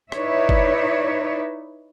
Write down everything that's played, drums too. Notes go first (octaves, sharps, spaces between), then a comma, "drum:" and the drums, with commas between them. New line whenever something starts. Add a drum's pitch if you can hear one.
D#4 E4 B4 C#5 D5 E5, drum: rim click
drum: kick